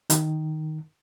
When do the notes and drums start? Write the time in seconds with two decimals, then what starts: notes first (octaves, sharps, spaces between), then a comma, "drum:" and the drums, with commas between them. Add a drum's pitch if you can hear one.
0.10 D#3, drum: hi-hat